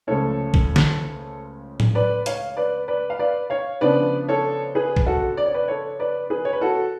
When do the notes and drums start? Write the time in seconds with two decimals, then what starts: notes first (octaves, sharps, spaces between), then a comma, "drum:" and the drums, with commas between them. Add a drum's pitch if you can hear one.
0.07 C#2 C#3 F3 A3 C#4 A4 C#5
0.54 drum: kick
0.76 drum: snare
1.80 drum: tom A2
1.95 B4 D5
2.26 C#5 F5, drum: hi-hat
2.57 B4 D5
2.88 B4 D5
3.10 F5
3.19 B4 D5
3.50 C#5 F5
3.81 C#3 F3 B3 D4 B4 D5
4.28 A4 C#5
4.75 G#4 B4
4.96 drum: kick
5.06 F#4 A4
5.37 D5
5.46 C#5
5.54 B4 D5
5.68 A4 C#5
6.00 B4 D5
6.30 G#4 B4
6.45 C#5
6.53 B4
6.61 F#4 A4